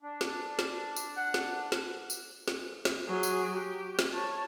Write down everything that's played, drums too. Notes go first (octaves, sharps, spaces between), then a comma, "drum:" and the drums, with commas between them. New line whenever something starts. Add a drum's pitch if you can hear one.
D4
drum: snare
drum: snare
drum: tambourine
F#5
drum: snare
drum: snare
drum: tambourine
drum: snare
drum: snare
F#3 G#4
drum: tambourine
G4
drum: snare
C#5 A5